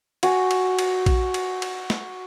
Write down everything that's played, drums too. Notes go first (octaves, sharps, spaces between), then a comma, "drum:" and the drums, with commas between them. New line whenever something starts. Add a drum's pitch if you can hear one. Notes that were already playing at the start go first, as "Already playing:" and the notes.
F#4 G#5, drum: cymbal
drum: cymbal
drum: cymbal
drum: kick A#1, cymbal
drum: cymbal
drum: cymbal
drum: snare